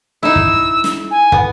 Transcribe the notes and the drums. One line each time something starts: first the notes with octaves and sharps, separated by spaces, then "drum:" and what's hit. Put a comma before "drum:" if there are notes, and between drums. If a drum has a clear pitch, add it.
D#4 E4 E6
drum: kick
drum: snare
G#5
B3, drum: kick